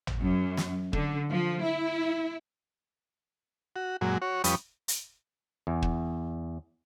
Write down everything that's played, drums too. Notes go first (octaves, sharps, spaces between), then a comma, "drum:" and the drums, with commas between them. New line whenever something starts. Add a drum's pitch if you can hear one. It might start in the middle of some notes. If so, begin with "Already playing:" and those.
drum: tom
F#2
drum: snare
D3, drum: kick
F3
E4
F#4
F#2 A#2 F#3 G#3
F#4 C#5
F2 G3 C#4 B4 D#6, drum: hi-hat
drum: hi-hat
E2
drum: kick